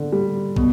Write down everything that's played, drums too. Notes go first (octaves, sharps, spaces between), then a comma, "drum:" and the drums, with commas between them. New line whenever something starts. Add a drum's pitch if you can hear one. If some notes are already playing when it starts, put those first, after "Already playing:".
Already playing: D3
G3
B2, drum: kick